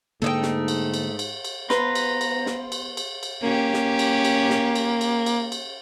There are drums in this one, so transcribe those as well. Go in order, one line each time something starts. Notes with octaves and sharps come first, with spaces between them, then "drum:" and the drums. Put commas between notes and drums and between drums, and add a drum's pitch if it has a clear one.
G#2 D3 A3 A#3 D#4 G5
drum: snare
drum: cymbal
drum: cymbal
drum: cymbal
drum: cymbal
B3 B4 C5 F5 A#5 C6, drum: snare
drum: cymbal
drum: cymbal
drum: snare
drum: cymbal
drum: cymbal
drum: cymbal
A#3 C#4 G4
drum: snare
drum: cymbal
drum: cymbal
drum: snare
drum: cymbal
drum: cymbal
drum: cymbal
drum: cymbal